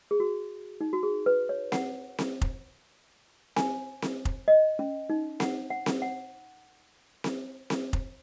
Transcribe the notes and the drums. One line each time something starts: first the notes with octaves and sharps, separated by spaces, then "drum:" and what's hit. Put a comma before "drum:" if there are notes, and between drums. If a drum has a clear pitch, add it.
G#4
F#4
D#4
F#4
G#4
B4
C#5
F#5, drum: snare C4
drum: snare C4
drum: kick F1
G#5, drum: snare C4
drum: snare C4
drum: kick F1
D#5
C#4
D#4
F#5, drum: snare C4
F#5
drum: snare C4
F#5
drum: snare C4
drum: snare C4
drum: kick F1